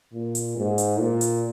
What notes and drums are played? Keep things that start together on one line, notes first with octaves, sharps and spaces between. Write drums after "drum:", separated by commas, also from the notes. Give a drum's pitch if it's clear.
A#2
drum: hi-hat
G#2
drum: hi-hat
A#2
drum: hi-hat